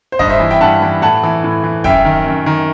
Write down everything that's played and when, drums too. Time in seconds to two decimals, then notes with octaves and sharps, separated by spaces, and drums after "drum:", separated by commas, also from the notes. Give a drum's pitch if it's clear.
0.12 C5
0.19 G2 D#5, drum: kick
0.30 C5 E5
0.40 E3
0.51 E5 G5
0.61 G2 F#5 A5
0.82 E3
1.02 A2 F#5 A5
1.23 E3
1.44 A2
1.64 E3
1.84 F#2 E5 G5, drum: kick
2.05 D#3
2.26 F#2
2.46 D#3